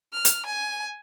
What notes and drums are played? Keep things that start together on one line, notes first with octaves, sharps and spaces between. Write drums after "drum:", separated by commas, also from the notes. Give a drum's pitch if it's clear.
F6
drum: hi-hat
G#5